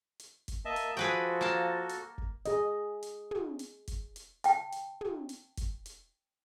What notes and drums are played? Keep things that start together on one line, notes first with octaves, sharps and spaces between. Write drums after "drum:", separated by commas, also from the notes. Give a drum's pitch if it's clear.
drum: hi-hat
drum: kick, hi-hat
A#3 D#5 E5 A5
drum: hi-hat
F3 F#4 G#4 A4 B4 G5
A#3 A5
drum: hi-hat
drum: kick
G#4 D#5, drum: hi-hat
drum: hi-hat
drum: tom
drum: hi-hat
drum: kick, hi-hat
drum: hi-hat
G5 A5, drum: hi-hat
drum: hi-hat
drum: tom
drum: hi-hat
drum: kick, hi-hat
drum: hi-hat